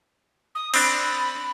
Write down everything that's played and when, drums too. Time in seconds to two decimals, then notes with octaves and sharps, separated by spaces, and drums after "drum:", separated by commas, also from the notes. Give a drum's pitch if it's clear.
0.55 D#6
0.74 C4 D4 B5, drum: cymbal